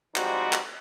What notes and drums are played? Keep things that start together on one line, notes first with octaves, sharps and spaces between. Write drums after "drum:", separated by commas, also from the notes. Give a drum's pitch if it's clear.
F3 G3 G#3 C4 D#4 F#4, drum: clap
drum: clap